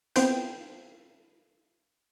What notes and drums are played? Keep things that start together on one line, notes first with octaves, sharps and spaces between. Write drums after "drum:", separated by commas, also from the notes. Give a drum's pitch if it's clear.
B3 C4 C5 G5, drum: hi-hat